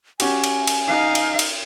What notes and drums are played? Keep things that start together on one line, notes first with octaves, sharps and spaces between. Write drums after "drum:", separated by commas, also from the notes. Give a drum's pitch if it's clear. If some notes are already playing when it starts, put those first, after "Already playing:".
C#4 F#4 G4 G#5, drum: cymbal
drum: cymbal
drum: cymbal
D#4 F5
drum: cymbal
drum: cymbal